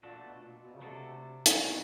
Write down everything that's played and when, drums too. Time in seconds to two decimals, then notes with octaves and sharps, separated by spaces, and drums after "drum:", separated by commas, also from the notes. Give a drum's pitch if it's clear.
0.03 A#2 A3 D4 F#4 A4
0.22 B2
0.42 A#2
0.62 B2
0.76 C#3
0.81 C3 A3 D4 F#4 A4
1.46 drum: hi-hat
1.61 B2 G3 B3 D#4 F#4